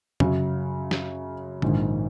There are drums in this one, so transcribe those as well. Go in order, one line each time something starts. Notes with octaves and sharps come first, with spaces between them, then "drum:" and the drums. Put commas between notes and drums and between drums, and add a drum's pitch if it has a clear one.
F#2 C#3 F#3, drum: tom
drum: snare
A#1 G#2 D#3, drum: tom